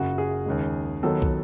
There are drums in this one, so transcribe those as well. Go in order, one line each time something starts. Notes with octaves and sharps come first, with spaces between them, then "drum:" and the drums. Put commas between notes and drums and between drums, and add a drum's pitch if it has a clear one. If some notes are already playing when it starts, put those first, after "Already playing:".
Already playing: F#1 F#2 C#3 F#4
G#4
D#2 C#3 G#3
D#2 D#3 F#3 B3 A4
drum: kick